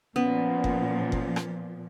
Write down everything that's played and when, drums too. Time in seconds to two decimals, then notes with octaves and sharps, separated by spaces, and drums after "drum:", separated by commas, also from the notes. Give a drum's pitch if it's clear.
0.16 A#2 F3 B3 C#4
0.64 drum: kick F#1
1.12 drum: kick F#1
1.36 drum: rim click